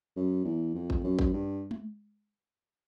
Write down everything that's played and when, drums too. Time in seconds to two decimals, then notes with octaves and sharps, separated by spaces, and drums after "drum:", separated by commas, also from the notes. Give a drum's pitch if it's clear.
0.17 F#2
0.45 E2
0.74 F2
0.90 drum: kick A1
1.04 F#2
1.19 drum: kick A1
1.33 G2
1.71 drum: tom G#3